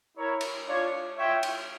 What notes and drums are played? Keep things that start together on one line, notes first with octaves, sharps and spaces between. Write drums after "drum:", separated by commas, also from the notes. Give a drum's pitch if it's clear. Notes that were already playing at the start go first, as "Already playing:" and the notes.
E4 A#4 C#5
drum: cymbal
D4 F4 C#5
F4 C#5 E5 G5
drum: cymbal